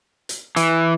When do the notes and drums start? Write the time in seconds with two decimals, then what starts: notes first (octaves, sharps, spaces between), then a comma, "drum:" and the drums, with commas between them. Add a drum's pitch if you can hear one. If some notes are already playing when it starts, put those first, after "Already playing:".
0.29 drum: hi-hat
0.56 E3, drum: hi-hat